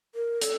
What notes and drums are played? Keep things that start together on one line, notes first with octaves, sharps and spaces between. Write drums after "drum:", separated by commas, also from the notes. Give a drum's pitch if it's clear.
A#4
A4, drum: hi-hat